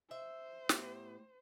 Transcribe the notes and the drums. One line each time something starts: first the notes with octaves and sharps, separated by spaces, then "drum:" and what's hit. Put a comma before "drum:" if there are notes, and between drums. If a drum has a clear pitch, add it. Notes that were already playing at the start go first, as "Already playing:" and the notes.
C5 E5
A2 B3 G4, drum: snare